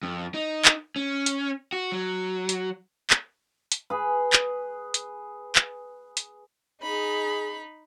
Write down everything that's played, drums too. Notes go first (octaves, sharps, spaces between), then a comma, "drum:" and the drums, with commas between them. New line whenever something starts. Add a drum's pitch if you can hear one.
F2
D#4
drum: clap
C#4
drum: hi-hat
F#4
F#3
drum: hi-hat
drum: clap
drum: hi-hat
G#4 B4
drum: clap
drum: hi-hat
drum: clap
drum: hi-hat
D#4 G#4 B5